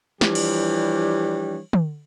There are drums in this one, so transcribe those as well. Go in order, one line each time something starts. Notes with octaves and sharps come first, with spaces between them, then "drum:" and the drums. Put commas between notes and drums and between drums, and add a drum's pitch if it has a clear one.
E3 F3 G3 D4 G4 C#5, drum: snare
drum: cymbal
drum: tom